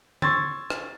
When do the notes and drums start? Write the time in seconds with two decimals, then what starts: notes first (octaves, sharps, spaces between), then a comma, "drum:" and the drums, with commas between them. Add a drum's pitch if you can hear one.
0.22 C6 C#6 E6 G#6 A6, drum: tom D3
0.70 drum: rim click